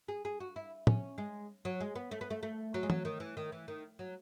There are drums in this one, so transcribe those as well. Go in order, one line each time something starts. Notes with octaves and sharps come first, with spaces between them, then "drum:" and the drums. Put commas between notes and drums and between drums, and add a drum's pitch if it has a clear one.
G#4
G#4
F#4
E4
C#4, drum: tom
G#3
F#3
G#3
B3
A3
B3
A3
A3
F#3
G#3
F#3, drum: tom
D#3
E3
D#3
E3
D#3
F#3